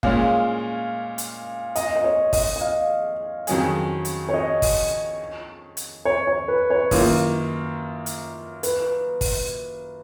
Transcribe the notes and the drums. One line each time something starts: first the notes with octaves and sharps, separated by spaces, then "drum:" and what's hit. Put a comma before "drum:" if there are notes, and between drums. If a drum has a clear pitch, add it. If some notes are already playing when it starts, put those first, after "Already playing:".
A#2 G#3 C#4 F5, drum: kick
drum: hi-hat
D#5, drum: hi-hat
D#5
C#5
D#5, drum: kick, open hi-hat
D#5
F5
F2 D#3 F#3 C#4 G#4, drum: hi-hat
drum: hi-hat
C#5
D#5
drum: kick, open hi-hat
drum: hi-hat
C#5
C#5
B4
C#5
F#2 D#3 A#3 F4, drum: kick, open hi-hat
drum: hi-hat
B4, drum: hi-hat
drum: kick, open hi-hat